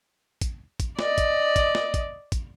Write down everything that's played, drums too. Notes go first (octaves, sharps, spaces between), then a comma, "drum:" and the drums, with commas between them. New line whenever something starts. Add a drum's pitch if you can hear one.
drum: kick, hi-hat
drum: kick, hi-hat
D5 D#5, drum: snare
drum: kick, hi-hat
drum: kick, hi-hat
drum: snare
drum: kick, hi-hat
drum: kick, hi-hat